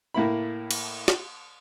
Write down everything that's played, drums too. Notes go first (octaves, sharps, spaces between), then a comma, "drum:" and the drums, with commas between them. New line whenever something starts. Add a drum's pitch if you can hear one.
A2 A#3 E4 B5
drum: cymbal
drum: snare